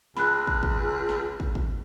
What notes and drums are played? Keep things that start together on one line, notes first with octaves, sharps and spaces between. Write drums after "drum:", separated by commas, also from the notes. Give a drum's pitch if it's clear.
C#2 B5 F#6, drum: snare
drum: kick
drum: kick
drum: snare
drum: kick
drum: kick